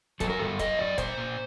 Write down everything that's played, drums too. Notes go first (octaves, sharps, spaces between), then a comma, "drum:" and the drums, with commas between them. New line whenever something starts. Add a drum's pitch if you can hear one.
F#3 A4, drum: kick, hi-hat
A#4
G2 A4
F#3 D#5, drum: kick, hi-hat
F#2 D5
A#2 C5, drum: kick, hi-hat
A#2